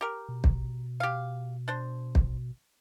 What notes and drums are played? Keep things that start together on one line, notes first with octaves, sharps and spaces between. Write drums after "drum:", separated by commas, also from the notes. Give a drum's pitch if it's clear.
G4 A#4
B2
drum: kick
G4 F5
D4 C5
drum: kick